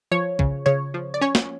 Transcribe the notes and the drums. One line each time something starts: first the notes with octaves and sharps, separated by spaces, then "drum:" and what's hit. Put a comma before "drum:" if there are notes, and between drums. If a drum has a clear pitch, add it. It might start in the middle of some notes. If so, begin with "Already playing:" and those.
F3 C#5
C#3, drum: kick
C#3 C#5
F3
D5
C#4 C#5
drum: snare